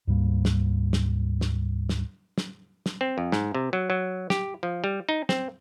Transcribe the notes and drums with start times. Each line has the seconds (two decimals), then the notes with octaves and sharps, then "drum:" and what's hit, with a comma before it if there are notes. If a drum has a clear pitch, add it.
0.07 D2 G#2 G3 A#3
0.45 drum: snare
0.93 drum: snare
1.41 drum: snare
1.89 drum: snare
2.38 drum: snare
2.86 drum: snare
3.01 C4
3.18 F2
3.32 G#2, drum: snare
3.55 C3
3.73 F#3
3.90 F#3
4.30 G4, drum: snare
4.63 F3
4.84 G3
5.09 D#4
5.29 C4, drum: snare